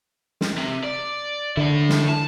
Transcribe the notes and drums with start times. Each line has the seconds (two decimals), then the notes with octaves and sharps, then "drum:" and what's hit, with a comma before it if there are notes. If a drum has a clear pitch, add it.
0.41 drum: snare
0.57 C3
0.83 D5
1.57 D3 E4 A4
1.89 drum: snare
2.09 A5